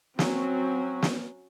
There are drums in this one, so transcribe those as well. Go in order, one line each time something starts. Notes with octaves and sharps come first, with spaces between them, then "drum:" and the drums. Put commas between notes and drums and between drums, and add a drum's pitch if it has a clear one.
F#3 C4 C#4 F#4, drum: snare
drum: snare